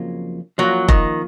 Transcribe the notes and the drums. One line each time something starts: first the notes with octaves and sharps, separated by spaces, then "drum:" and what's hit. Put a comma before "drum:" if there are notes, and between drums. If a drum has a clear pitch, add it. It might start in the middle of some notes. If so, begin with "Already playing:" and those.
Already playing: F2 C#3 F#3 A#3 F4
F3 F#3 A#3 C#4 F4
D#3, drum: kick F1